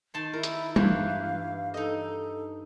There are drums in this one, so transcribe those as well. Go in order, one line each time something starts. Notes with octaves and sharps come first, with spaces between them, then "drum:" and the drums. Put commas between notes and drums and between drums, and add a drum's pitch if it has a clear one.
D#3 A5 C6
E4 A#4
drum: hi-hat
G2 E3 F5, drum: tom G3
D#4 A4 D#5
A4